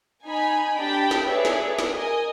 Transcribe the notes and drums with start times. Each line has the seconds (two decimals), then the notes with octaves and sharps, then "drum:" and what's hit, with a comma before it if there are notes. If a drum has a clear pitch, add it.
0.24 D#4 G#5 B5
0.78 D4 G4 G5 A5 B5
1.11 drum: snare
1.28 G#4 A4 B4 C#5 D5 E5
1.45 drum: snare
1.79 drum: snare
1.95 A#4 D#5 G#5